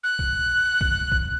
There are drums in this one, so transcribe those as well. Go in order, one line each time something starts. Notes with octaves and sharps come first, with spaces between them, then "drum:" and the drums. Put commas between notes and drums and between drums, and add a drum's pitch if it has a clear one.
F#6
drum: kick A#1
drum: kick A#1
drum: kick A#1